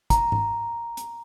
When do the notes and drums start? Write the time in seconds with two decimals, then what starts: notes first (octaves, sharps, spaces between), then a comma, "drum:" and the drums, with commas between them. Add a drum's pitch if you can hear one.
0.10 A#5, drum: kick, hi-hat
0.32 drum: tom G#2
0.97 drum: hi-hat